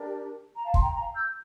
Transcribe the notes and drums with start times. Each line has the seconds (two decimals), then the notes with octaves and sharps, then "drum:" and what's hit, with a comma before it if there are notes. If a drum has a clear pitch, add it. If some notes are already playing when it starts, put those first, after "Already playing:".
Already playing: D4 G4 A#4
0.54 A#5
0.65 F5 A5
0.74 C6, drum: kick
0.82 G5 A#5
0.94 A#5
0.98 F5 A5
1.14 E6 G6